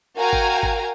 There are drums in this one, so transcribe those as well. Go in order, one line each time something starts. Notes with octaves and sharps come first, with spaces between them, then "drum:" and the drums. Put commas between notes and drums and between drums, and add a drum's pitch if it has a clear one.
F#4 A#4 F5 G5 G#5 A#5
drum: kick G#1
drum: kick G#1